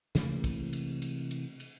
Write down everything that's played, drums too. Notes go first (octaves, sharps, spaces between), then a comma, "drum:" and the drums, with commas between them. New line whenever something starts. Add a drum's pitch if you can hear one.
C3 E3 A3 A#3, drum: snare
drum: kick, cymbal
drum: cymbal
drum: cymbal
drum: cymbal
drum: cymbal